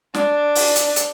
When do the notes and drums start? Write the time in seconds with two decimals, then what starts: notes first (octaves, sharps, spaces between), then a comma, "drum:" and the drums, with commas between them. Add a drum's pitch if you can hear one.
0.14 D4, drum: snare
0.55 drum: open hi-hat
0.76 drum: hi-hat
0.96 drum: hi-hat